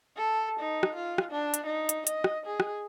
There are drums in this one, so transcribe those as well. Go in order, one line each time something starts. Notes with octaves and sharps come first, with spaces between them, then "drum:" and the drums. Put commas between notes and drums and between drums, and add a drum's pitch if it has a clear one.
A4
D#4
drum: rim click
F4
drum: rim click
D4
drum: hi-hat
D#4
drum: hi-hat
D#5, drum: hi-hat
drum: rim click
G#4
drum: rim click